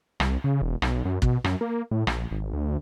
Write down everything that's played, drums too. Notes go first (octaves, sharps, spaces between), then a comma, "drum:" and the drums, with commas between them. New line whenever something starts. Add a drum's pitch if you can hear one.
C2, drum: rim click
C#3
E1
B1, drum: rim click
F#2
B2, drum: kick
F#2, drum: rim click
A#3
A2
A#1, drum: rim click
G#1
D2